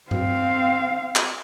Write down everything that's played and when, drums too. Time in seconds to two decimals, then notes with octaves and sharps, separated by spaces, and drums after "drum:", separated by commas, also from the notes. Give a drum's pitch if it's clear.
0.11 C4 F5, drum: tom G2
1.16 drum: clap